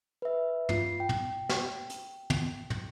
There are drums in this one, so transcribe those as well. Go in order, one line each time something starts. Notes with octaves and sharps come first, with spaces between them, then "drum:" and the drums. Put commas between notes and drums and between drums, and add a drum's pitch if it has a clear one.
B4 E5
F4 C7, drum: tom
G5
drum: tom
drum: snare
drum: hi-hat
drum: tom
drum: tom